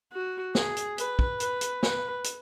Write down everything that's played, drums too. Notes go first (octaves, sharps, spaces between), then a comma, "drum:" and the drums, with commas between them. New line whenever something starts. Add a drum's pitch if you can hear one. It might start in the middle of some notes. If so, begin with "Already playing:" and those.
F#4
G#4, drum: snare
drum: hi-hat
B4, drum: hi-hat
drum: kick
B4, drum: hi-hat
drum: hi-hat
B4, drum: snare
drum: hi-hat